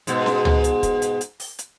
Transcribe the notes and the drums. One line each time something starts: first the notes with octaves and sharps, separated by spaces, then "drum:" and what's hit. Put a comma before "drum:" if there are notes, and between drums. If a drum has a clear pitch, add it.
G#2 B2, drum: hi-hat
drum: snare C#4
drum: tom
drum: hi-hat
drum: kick, hi-hat
drum: hi-hat
drum: hi-hat
drum: open hi-hat
drum: hi-hat